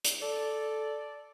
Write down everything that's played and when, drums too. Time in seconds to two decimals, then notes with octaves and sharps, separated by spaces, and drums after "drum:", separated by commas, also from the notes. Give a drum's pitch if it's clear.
0.05 drum: hi-hat
0.22 A4 D5